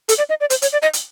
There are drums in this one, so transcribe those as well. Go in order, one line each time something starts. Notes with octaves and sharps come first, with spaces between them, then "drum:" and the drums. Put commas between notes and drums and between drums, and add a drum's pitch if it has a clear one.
A4, drum: hi-hat
D5
D#5
D5
C5, drum: hi-hat
C#5, drum: hi-hat
D5
D#5
drum: hi-hat